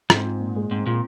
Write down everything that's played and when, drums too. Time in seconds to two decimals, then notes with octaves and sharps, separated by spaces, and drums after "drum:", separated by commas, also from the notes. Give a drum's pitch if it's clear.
0.10 G#2 C4, drum: rim click
0.25 F4
0.40 A#2
0.56 G#3
0.71 G#2 C4
0.86 A#2 F4